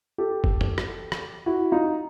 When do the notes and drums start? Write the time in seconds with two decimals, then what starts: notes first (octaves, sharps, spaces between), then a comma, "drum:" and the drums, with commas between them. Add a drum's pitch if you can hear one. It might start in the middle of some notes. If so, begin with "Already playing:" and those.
0.18 G4 A4
0.44 drum: kick
0.61 drum: tom
0.78 drum: rim click
1.12 drum: rim click
1.46 E4 F#4
1.72 D#4 F4